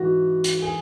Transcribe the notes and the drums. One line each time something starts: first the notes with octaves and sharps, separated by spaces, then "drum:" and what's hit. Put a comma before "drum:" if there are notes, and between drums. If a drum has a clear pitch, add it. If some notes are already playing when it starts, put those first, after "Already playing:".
Already playing: G#2 E3 F#4
drum: hi-hat
G#4